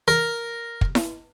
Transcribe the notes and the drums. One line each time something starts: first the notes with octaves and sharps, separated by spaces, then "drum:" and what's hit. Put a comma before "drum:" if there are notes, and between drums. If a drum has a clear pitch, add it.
A#4
drum: kick
drum: snare E4